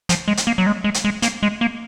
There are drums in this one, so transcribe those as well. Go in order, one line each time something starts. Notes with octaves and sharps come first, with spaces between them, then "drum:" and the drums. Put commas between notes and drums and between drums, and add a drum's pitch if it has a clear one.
F3, drum: hi-hat
G#3
drum: hi-hat
A#3
F#3
G#3
G#3
drum: hi-hat
G#3
A#3, drum: hi-hat
G#3
A#3